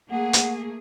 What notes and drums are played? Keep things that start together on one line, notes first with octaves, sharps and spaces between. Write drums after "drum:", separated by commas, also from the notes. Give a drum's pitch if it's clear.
A3 A#3 G#4 F#5
drum: hi-hat